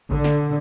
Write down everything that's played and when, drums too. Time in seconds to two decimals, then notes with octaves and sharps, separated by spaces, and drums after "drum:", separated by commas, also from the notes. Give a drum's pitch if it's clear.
0.11 D3, drum: kick A1
0.24 drum: snare